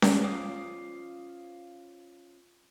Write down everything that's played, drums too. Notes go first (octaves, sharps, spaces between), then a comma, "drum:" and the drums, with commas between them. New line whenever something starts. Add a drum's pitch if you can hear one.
drum: snare C#4
C#4 F4 C5 F5 D6 D#6